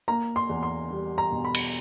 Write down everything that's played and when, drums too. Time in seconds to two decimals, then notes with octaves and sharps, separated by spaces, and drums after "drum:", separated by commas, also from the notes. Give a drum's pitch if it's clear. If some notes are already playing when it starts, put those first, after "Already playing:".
0.08 A#3 A#5
0.36 C6
0.49 E2
0.63 C6
0.90 G3
1.18 A#5
1.32 B2
1.45 B5
1.55 drum: cymbal